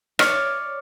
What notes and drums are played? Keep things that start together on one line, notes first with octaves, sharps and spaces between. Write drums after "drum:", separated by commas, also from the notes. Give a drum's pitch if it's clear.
C#5 D5 F6, drum: rim click